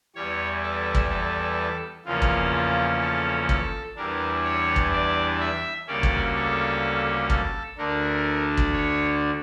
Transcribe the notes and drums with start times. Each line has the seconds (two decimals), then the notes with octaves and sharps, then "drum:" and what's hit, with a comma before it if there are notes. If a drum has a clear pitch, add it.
0.15 E2 E3 G3 C#5
0.63 A4
0.95 drum: kick
1.10 A4
2.05 E2 C#3 F3 A#3 C#4 F4
2.22 drum: kick
2.53 F4
3.01 A4
3.49 A4, drum: kick
3.96 E2 E3 G3 D4 A#4
4.44 C#5
4.76 drum: kick
4.92 D5
5.40 E5
5.87 D2 C#3 G3 A#3 C#4 D5
6.03 drum: kick
6.35 A4
7.30 A4, drum: kick
7.78 D2 D3 A3 D4 A#4
8.57 drum: kick
8.73 C#5